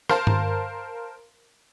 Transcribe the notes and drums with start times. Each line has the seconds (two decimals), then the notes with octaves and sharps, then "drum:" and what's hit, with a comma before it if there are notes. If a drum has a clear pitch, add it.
0.09 A#4 C5 F5 A5, drum: rim click
0.27 drum: tom G2